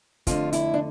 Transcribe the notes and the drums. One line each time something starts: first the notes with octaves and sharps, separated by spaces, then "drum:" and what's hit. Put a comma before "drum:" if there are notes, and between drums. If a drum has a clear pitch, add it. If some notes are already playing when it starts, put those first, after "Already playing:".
F2 D3 A3 F4, drum: kick, hi-hat
E4, drum: hi-hat
D4